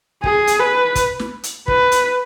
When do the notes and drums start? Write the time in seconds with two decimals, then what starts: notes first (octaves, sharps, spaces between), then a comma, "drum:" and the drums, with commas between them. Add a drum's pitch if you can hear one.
0.24 G#4, drum: kick
0.47 drum: hi-hat
0.60 B4
0.95 drum: kick, hi-hat
1.19 drum: snare
1.43 drum: hi-hat
1.68 B4, drum: kick
1.92 drum: hi-hat